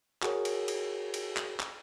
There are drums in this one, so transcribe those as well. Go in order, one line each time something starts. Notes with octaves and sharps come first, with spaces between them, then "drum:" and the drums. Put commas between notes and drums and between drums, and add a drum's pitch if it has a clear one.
F#4 G#4 A#4 C#5, drum: clap
drum: cymbal
drum: cymbal
drum: cymbal
drum: clap
drum: clap